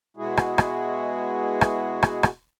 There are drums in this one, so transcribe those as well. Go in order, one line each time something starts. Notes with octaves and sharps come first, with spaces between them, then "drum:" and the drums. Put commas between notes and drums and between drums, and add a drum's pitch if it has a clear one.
B2 G#3 E4 F#4 G#4
drum: rim click
drum: rim click
drum: rim click
drum: rim click
drum: rim click